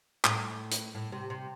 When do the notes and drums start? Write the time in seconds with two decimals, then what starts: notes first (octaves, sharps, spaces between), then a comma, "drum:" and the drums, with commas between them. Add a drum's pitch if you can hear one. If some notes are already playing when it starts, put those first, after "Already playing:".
0.24 A2, drum: clap
0.72 drum: hi-hat
0.95 A2
1.12 C3
1.30 C3